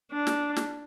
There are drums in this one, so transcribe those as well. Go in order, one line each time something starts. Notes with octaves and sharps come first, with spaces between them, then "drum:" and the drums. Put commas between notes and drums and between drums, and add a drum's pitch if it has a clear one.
D4
drum: snare
drum: snare